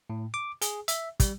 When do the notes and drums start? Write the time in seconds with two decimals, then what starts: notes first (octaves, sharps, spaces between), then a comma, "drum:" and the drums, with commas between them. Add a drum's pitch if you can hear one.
0.10 A2
0.34 D6
0.62 G#4, drum: hi-hat
0.88 E5, drum: hi-hat
1.20 G3, drum: kick, hi-hat